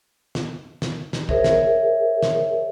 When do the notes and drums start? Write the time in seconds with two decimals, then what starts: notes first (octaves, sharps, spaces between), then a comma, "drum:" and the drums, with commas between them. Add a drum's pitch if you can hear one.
0.35 drum: snare
0.82 drum: snare
1.13 drum: snare
1.29 G#4 A#4 C5 C#5 E5, drum: kick
1.44 drum: snare
2.23 drum: snare